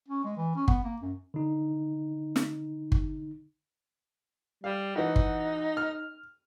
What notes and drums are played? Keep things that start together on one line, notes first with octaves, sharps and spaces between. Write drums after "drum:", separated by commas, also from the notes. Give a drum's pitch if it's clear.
C#4
G#3
E3
C#4
B3, drum: kick G1
A#3
F#2
D3 D#4
drum: snare
drum: kick G1
G3 F5
E3 D#4 F#4
drum: kick G1
F6